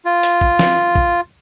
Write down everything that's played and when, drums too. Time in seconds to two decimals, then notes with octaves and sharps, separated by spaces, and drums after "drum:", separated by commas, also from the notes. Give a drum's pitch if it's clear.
0.05 F4
0.23 drum: hi-hat
0.41 drum: kick
0.59 drum: snare
0.95 drum: kick